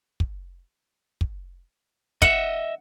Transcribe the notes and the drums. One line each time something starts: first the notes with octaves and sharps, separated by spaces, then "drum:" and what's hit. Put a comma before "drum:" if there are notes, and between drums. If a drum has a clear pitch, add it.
drum: kick
drum: kick
D#5 E5 F#5, drum: kick